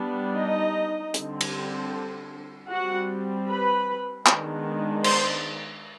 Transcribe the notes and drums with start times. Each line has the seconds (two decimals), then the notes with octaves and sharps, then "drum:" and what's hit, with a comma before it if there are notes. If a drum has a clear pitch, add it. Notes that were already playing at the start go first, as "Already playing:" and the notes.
Already playing: G3 B3 D4
0.35 D#4 D#5
1.14 D3 G3 C4, drum: hi-hat
1.41 drum: cymbal
2.70 G3 C4 F#4 F#5
3.48 B4 B5
4.26 D#3 G#3 B3 D4, drum: clap
5.04 C5 C6, drum: cymbal